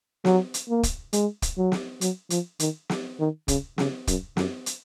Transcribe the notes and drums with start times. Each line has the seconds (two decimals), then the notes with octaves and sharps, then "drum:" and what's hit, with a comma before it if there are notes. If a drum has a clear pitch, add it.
0.25 F#3, drum: snare
0.54 drum: hi-hat
0.69 A#3
0.83 drum: kick, hi-hat
1.13 G#3, drum: hi-hat
1.42 drum: kick, hi-hat
1.57 F#3
1.72 drum: snare
2.01 F#3, drum: hi-hat
2.30 F3, drum: hi-hat
2.59 D#3, drum: hi-hat
2.89 drum: snare
3.19 D#3
3.48 C#3, drum: kick, hi-hat
3.78 C#3, drum: snare
4.07 F#2, drum: kick, hi-hat
4.37 F#2, drum: snare
4.66 drum: hi-hat